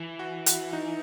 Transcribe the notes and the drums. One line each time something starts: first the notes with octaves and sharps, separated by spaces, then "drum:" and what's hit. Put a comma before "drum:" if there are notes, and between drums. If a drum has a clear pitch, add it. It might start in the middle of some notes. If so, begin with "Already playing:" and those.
Already playing: E3
F#4
F#4, drum: hi-hat
D#4